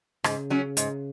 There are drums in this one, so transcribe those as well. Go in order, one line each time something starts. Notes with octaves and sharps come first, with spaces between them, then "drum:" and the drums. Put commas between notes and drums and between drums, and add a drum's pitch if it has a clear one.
G#2 C#3, drum: rim click
F#3 C#4
G#2, drum: hi-hat